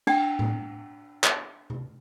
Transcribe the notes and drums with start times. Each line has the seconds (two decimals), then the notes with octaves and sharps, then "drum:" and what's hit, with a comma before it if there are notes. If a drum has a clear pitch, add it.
0.07 D4 F#5 G5, drum: cymbal
0.39 drum: tom A2
1.24 drum: clap
1.70 drum: tom C3